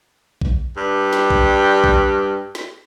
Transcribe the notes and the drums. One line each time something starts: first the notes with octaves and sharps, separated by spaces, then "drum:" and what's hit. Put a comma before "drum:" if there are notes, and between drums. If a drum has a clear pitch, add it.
drum: kick A#1
G2 G3 G4
drum: snare
drum: kick A#1
drum: kick A#1
drum: snare